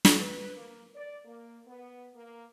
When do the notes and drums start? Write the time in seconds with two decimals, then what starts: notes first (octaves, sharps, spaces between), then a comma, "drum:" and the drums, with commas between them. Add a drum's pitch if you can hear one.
0.05 drum: snare
0.16 B4
0.56 A#3
0.96 D5
1.25 A#3
1.66 B3
2.14 A#3